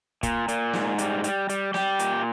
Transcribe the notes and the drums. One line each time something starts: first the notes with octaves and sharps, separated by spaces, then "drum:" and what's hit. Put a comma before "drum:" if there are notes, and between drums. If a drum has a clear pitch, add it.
A#2, drum: kick, hi-hat
A#2, drum: hi-hat
G#2, drum: snare
G3, drum: hi-hat
G3, drum: hi-hat
G3, drum: hi-hat
G3 G4, drum: snare
A#2, drum: hi-hat